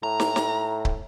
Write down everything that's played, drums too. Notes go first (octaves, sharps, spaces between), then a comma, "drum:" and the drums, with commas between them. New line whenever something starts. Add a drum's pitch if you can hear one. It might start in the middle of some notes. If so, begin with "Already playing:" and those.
A2 A#5
drum: snare
drum: snare
drum: kick C#1